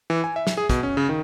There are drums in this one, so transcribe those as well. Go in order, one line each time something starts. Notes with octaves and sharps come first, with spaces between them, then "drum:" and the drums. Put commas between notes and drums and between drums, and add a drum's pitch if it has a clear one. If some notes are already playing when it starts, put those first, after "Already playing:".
E3
G#5
E5
drum: snare
G#4
B2, drum: kick, hi-hat
C#4
C#3
D#3